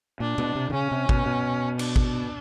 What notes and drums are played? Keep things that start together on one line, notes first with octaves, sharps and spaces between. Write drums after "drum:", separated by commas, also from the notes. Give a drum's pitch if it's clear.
A#2 D4
B2, drum: tom B2
C3
D3
C#3 C#4
C3
B2, drum: kick
B2
D4, drum: cymbal
drum: kick